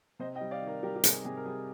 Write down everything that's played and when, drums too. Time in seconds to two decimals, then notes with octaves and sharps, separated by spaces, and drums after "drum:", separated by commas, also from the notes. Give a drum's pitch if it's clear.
0.19 C3 C5 D#5
0.35 D#5 G5
0.41 G3
0.51 D5 F5
0.61 D#3
0.67 A#4 D5
0.83 G3 G4 A#4
0.96 G4
1.04 C3 G#4, drum: hi-hat
1.25 C3 G#4
1.37 A#4
1.46 G3 G#4